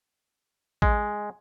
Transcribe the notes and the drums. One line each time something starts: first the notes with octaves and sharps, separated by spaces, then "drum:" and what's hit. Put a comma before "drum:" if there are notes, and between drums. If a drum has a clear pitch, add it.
G#3, drum: kick A1